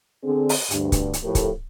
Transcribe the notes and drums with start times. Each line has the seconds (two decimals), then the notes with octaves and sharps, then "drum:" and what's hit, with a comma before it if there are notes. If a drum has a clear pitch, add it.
0.24 D3 C4 G#4
0.49 drum: open hi-hat
0.71 D2 G2, drum: hi-hat
0.92 drum: kick C#1, hi-hat
1.13 drum: hi-hat
1.24 A2 F3 A3 G4 A4 A#4
1.35 drum: kick C#1, hi-hat